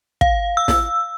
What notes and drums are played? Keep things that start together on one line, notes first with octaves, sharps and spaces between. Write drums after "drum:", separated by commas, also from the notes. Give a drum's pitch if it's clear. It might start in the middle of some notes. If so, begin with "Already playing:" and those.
F5, drum: kick
E6
drum: snare